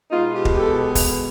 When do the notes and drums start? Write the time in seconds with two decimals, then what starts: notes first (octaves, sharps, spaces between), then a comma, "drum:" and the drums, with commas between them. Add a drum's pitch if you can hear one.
0.11 B2 G#3 B3 D#4 F4
0.34 F4 G4
0.45 drum: kick
0.56 G4 A4
0.95 drum: kick, open hi-hat